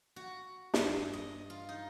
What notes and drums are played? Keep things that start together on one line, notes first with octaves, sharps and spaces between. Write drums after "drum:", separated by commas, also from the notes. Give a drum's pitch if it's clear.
F#4
G2, drum: snare
D#5
F4
D#4